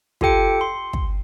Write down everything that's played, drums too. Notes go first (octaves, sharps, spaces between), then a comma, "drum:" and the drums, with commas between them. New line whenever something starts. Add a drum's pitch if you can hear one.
F4 G4 A4 G5 C#7, drum: kick
C6
drum: kick